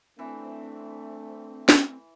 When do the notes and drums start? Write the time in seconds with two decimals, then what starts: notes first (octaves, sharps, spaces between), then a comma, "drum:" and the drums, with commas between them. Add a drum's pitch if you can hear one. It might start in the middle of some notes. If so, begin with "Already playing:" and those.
0.19 E3 A3 C4 D4
1.69 drum: snare